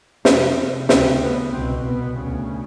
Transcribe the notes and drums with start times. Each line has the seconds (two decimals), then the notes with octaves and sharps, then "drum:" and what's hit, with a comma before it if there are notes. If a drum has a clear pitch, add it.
0.25 F2 C3, drum: snare
0.89 D2 C#3 C4, drum: snare
1.21 B3
1.52 C2 B2 C4
1.84 B3
2.17 D2 C#3